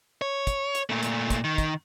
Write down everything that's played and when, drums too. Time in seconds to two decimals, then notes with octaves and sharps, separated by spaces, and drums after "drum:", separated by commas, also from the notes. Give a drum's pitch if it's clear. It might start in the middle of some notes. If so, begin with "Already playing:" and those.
0.22 C#5
0.47 drum: kick, hi-hat
0.75 drum: hi-hat
0.90 A#2 A3
1.03 drum: hi-hat
1.30 drum: kick, hi-hat
1.44 D#3
1.58 drum: kick, hi-hat